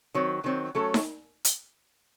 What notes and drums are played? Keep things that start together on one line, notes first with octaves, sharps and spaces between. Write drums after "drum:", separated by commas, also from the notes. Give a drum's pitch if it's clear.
D#3 F#3 C4
D#3 F#3 C4
F#3 A3 C#4 A4
drum: snare D#4
drum: hi-hat